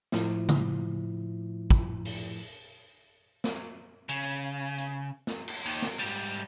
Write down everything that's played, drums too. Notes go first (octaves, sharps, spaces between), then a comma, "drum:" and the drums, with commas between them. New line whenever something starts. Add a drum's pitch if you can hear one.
A2 F3 E4, drum: snare
drum: tom C#3
drum: kick
drum: open hi-hat
drum: snare
C#3
drum: hi-hat
drum: snare
drum: cymbal
D#2 D#3, drum: hi-hat
drum: snare
G#2 G3, drum: hi-hat